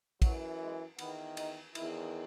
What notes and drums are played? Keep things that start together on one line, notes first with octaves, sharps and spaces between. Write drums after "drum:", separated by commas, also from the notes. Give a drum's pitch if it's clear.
F#2 E3 F#3, drum: kick, cymbal
G#3
E2 D#3 B3, drum: cymbal
D#4, drum: cymbal
E2 D#3 E4, drum: cymbal